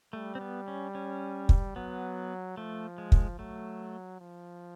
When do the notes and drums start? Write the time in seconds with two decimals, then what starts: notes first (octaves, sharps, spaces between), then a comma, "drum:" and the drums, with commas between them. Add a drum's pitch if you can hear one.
0.13 G3 A3
0.35 C4
0.41 B3
0.68 C#4
0.95 C#4
1.49 drum: kick
1.76 F#3 B3
2.57 F3 A3
2.98 G#3
3.12 drum: kick
3.39 F#3 A3
4.21 F3